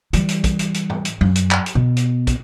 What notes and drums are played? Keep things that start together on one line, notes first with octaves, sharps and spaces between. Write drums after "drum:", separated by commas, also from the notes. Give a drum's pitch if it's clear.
E3 G3, drum: hi-hat
drum: hi-hat
drum: kick, hi-hat
drum: hi-hat
drum: hi-hat
drum: tom G#2
drum: hi-hat
F#2, drum: tom F#3
drum: hi-hat
drum: clap
drum: hi-hat
B2
drum: hi-hat
drum: kick, hi-hat